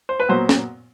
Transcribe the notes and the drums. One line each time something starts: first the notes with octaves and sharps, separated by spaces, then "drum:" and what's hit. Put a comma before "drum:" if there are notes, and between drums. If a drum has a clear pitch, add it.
C5
B4
A#2 F#3 B3 C5
drum: snare